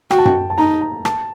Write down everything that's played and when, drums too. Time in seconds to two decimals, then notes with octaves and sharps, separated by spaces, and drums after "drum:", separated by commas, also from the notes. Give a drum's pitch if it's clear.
0.11 F#4 G5, drum: rim click
0.18 A5
0.25 G5, drum: tom F#2
0.50 A5
0.58 D#4 A#5
0.81 A#5
1.05 A5, drum: rim click